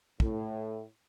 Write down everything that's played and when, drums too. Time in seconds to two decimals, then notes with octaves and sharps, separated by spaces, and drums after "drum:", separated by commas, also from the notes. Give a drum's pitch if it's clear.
0.20 A2, drum: kick